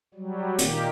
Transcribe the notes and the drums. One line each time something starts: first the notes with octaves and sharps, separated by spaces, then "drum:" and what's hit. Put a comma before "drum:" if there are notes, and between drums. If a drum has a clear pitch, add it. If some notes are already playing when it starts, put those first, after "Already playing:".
F#3 G3
A#2 D#3 A#3 G4, drum: hi-hat